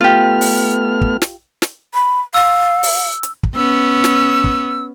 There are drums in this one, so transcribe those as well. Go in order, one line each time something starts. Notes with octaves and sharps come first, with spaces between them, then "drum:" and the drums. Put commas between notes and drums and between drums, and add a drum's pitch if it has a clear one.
A3 B3 F4 G4 F6
drum: open hi-hat
drum: kick
drum: snare
drum: snare
B5
F5 E6
drum: open hi-hat
drum: hi-hat
drum: kick
B3 C#4 E6
drum: snare
drum: kick